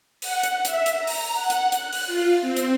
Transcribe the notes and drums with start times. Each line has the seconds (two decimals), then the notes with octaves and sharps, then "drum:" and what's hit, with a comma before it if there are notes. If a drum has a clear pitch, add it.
0.22 F#5, drum: open hi-hat
0.43 drum: hi-hat
0.65 E5, drum: hi-hat
0.86 drum: hi-hat
0.98 A#5
1.07 drum: open hi-hat
1.34 F#5
1.50 drum: hi-hat
1.72 F#6, drum: hi-hat
1.93 drum: open hi-hat
2.06 F4
2.41 C4
2.57 drum: hi-hat